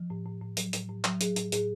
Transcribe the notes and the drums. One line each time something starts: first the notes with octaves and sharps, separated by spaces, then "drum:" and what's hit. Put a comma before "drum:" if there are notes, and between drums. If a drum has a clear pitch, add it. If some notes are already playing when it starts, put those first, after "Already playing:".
Already playing: F3
A2
A2
A2
F#3, drum: hi-hat
A2, drum: hi-hat
A2
F#3, drum: clap
F#3 G#4, drum: hi-hat
A2, drum: hi-hat
A2 G#4, drum: hi-hat